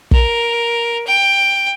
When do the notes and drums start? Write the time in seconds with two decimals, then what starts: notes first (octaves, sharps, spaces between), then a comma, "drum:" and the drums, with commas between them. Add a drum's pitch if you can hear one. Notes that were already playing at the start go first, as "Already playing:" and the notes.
0.11 A#4, drum: kick
1.07 G5